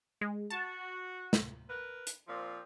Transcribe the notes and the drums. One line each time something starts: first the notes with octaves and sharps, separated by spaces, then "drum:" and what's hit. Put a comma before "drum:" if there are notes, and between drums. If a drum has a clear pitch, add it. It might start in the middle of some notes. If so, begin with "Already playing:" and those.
G#3
F#4 A5
drum: snare
A#4 B4
drum: hi-hat
A#2 F3 C4